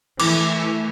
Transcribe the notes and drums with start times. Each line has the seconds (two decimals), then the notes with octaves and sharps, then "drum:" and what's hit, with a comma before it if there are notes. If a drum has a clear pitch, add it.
0.20 E3 A3 D6, drum: cymbal